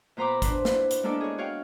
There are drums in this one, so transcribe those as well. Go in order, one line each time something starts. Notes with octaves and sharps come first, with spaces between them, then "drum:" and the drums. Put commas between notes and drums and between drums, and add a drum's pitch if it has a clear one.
A#2 B3 C5 A#5 B5 D6
D4 B4 C5, drum: kick G1, hi-hat
D4 E4, drum: snare
drum: hi-hat
G#3 A#3 B3 D4 A4 D5
G#4 C#5
F#4 C#5 F5 G5